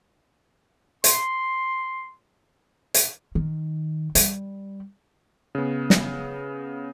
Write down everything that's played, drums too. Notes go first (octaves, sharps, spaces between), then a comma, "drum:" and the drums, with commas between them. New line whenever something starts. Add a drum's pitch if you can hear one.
C6, drum: hi-hat
drum: hi-hat
D#3
G3, drum: hi-hat
C#3 B3
drum: snare